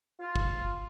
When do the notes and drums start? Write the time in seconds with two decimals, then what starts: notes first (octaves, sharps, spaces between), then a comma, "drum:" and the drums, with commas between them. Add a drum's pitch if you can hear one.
0.20 F4
0.36 drum: kick